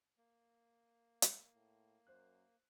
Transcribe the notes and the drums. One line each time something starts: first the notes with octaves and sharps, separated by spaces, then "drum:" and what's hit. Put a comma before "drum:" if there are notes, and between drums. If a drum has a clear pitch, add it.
A#3
drum: hi-hat
A2
F#2 C5 F#6